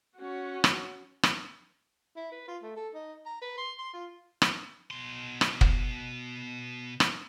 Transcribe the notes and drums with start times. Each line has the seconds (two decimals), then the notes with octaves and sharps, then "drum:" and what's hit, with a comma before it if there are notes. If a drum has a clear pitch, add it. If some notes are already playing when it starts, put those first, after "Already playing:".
0.17 C#4 F#4
0.64 drum: rim click
1.23 drum: rim click
2.16 E4
2.32 B4
2.48 F4
2.63 A3
2.76 A4
2.94 D#4
3.26 A#5
3.42 B4
3.58 C6
3.79 C6
3.94 F4
4.42 drum: rim click
4.91 B2 C6
5.41 drum: rim click
5.61 drum: kick
7.00 drum: rim click